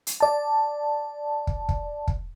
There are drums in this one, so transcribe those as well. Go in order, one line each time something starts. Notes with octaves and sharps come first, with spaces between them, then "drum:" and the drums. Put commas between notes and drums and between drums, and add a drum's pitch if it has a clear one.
drum: hi-hat
D5 A5
drum: kick
drum: kick
drum: kick